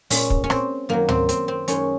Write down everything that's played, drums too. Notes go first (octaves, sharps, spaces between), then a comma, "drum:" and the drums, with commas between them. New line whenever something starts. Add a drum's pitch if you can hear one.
A#2 G#3 C#4, drum: open hi-hat
drum: kick
C#4
C4, drum: rim click
F#2 D#3 F#3 A#3
C4, drum: tom
C4, drum: hi-hat
C4
F#2 D#3 G#3 C#4, drum: hi-hat